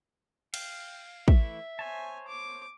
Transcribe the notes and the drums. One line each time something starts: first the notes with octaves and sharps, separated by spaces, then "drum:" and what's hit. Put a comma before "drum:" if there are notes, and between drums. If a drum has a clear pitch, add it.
F5 G5, drum: cymbal
E3 A3 E4 E5, drum: kick
C5 C#5 G#5 A5
D6